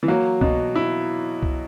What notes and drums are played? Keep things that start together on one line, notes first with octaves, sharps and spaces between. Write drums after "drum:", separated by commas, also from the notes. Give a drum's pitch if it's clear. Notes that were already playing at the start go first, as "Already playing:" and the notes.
E3
F#3 A#3
B2, drum: kick C2
E4
drum: kick C2